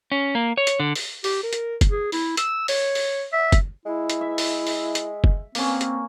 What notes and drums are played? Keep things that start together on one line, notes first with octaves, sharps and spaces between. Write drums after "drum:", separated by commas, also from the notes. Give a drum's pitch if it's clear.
C#4
A#3
C#5
drum: hi-hat
D3
drum: open hi-hat
G4, drum: open hi-hat
A#4
drum: hi-hat
drum: kick F#1, hi-hat
G#4
E4, drum: open hi-hat
E6, drum: hi-hat
C#5, drum: open hi-hat
drum: open hi-hat
E5
drum: kick F#1, hi-hat
G#3 E4
drum: hi-hat
E5
drum: open hi-hat
drum: open hi-hat
drum: hi-hat
drum: kick F#1
A#3 C4 C#4, drum: open hi-hat
drum: hi-hat